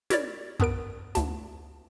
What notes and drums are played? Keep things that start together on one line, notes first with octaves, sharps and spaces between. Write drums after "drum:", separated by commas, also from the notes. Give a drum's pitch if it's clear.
E4 F#4 A#4 C#5 D5, drum: snare
G2 B3 A#4 D7, drum: kick
D2 A5, drum: snare